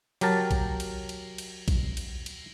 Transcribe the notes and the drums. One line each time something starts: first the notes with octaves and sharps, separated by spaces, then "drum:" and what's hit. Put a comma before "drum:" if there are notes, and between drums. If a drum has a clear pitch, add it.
F#3 G4 A#4 A5, drum: cymbal
drum: kick A#1, cymbal
drum: cymbal
drum: cymbal
drum: cymbal
drum: kick A#1, cymbal
drum: cymbal
drum: cymbal